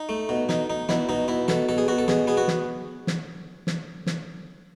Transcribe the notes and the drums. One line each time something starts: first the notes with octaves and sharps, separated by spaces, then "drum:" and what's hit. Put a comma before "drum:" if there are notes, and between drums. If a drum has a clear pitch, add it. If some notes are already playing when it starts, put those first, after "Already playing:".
Already playing: D#4
A3
B2
D#4, drum: snare
D#4
B2 E4, drum: snare
B2 D#4
B2 E4
B2 A4, drum: snare
B2 A4
G#4
B2 F#4
A4
B2 G#4, drum: snare
B3 G#4
F#4
drum: snare
drum: snare
drum: snare
drum: snare